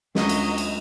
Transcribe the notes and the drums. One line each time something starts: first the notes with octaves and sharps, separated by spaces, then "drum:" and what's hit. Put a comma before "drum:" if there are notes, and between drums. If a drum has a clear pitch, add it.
D2 F#3 G#3 C#4 D#5, drum: snare
drum: cymbal
drum: cymbal